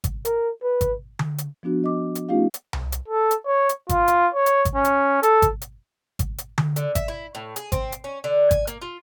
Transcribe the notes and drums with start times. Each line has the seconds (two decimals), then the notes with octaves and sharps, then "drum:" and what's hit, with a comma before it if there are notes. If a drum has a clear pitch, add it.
0.04 drum: kick G#1, hi-hat
0.25 A#4, drum: hi-hat
0.62 B4
0.81 drum: kick G#1, hi-hat
1.19 drum: tom D3
1.38 drum: hi-hat
1.63 F3 B3 D4 F#4
1.84 D#5 D6
2.15 drum: hi-hat
2.29 A3 C#4 D#4 F4 G4 F5
2.54 drum: hi-hat
2.73 drum: tom C2
2.92 drum: hi-hat
3.08 A4
3.31 drum: hi-hat
3.46 C#5
3.69 drum: hi-hat
3.89 F4, drum: kick G#1, hi-hat
4.08 drum: hi-hat
4.35 C#5
4.46 drum: hi-hat
4.65 drum: kick G#1, hi-hat
4.75 C#4
4.85 drum: hi-hat
5.23 A4, drum: hi-hat
5.42 drum: kick G#1, hi-hat
5.61 drum: hi-hat
6.19 drum: kick G#1, hi-hat
6.38 drum: hi-hat
6.58 drum: tom D3
6.76 D3, drum: hi-hat
6.95 E5, drum: kick G#1, hi-hat
7.08 E4
7.35 A2
7.56 G#4, drum: hi-hat
7.72 C4, drum: kick G#1, hi-hat
7.92 drum: hi-hat
8.04 C#4
8.24 D3
8.51 G#5, drum: kick G#1, hi-hat
8.67 A#3, drum: hi-hat
8.82 F4